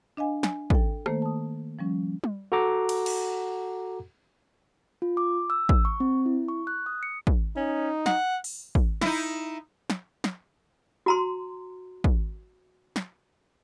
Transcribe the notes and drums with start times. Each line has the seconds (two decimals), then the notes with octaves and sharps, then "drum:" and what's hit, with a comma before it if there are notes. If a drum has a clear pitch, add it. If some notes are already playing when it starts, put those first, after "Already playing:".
0.17 D4 D#5 F5 G#5
0.43 G#5, drum: snare
0.70 A4 G5, drum: kick
1.06 D#3 A3 A#3 A4 C5, drum: rim click
1.22 A5 D#6
1.79 F3 G3 C#4
2.24 drum: tom G3
2.52 F#4 A4 F#5 A#5 D6
2.89 drum: cymbal
3.06 drum: cymbal
5.02 F4
5.17 D6
5.50 E6
5.69 drum: kick
5.85 C#6
6.00 C4
6.26 E4
6.48 C#6
6.67 F#6
6.86 D#6
7.03 C#7
7.27 drum: kick
7.56 C#4 D#4
8.06 F#5, drum: snare
8.44 drum: open hi-hat
8.75 drum: kick
9.01 D#4 E4, drum: snare
9.90 drum: snare
10.24 drum: snare
11.06 F#4 A#5 C6
12.04 drum: kick
12.96 drum: snare